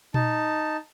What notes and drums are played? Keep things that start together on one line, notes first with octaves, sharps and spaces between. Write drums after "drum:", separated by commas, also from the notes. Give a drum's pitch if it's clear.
D#4 A5, drum: tom A#2